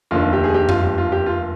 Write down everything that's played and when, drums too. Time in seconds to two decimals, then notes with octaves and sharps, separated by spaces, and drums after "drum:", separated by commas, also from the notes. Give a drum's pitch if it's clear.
0.11 F1 D#2 D3 F4
0.33 G4
0.44 G#4
0.54 G4
0.69 F4, drum: tom F#2
0.83 G4
0.98 F4
1.12 G4
1.26 F4